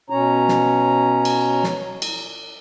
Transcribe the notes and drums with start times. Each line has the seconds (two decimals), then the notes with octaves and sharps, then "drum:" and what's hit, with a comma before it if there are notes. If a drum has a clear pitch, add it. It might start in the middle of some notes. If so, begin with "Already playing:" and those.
0.10 B2 C#4 C#5 A#5
0.48 drum: snare
1.25 drum: cymbal
1.64 drum: snare
2.02 drum: cymbal